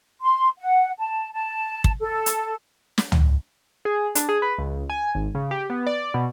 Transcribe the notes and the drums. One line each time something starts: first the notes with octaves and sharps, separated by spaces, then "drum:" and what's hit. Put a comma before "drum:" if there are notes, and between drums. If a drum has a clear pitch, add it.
C6
F#5
A5
A5
drum: kick
A4
drum: hi-hat
drum: snare
drum: tom
G#4
D4, drum: hi-hat
G#4
B4
C#2
G#5
G#1
C#3
G4
B3
D5
B2